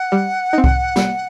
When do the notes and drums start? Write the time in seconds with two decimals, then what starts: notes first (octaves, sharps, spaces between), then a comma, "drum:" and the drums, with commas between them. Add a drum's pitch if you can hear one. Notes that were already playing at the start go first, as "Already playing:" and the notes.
Already playing: F#5
0.12 G3
0.53 C4 D#4
0.64 drum: kick C2
0.96 G3, drum: snare